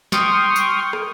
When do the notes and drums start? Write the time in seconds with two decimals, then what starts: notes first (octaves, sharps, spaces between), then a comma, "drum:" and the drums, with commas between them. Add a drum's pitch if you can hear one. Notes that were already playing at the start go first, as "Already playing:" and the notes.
0.12 G5 C6 C#6 D#6 F6, drum: snare
0.56 drum: tambourine
0.93 drum: rim click